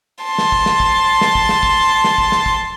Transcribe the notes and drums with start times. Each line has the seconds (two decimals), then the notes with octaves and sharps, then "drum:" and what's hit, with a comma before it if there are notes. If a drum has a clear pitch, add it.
0.25 A5 C6
0.38 drum: snare
0.52 drum: kick
0.66 drum: snare
0.80 drum: kick
1.21 drum: snare
1.35 drum: kick
1.49 drum: snare
1.63 drum: kick
2.04 drum: snare
2.18 drum: kick
2.32 drum: snare
2.46 drum: kick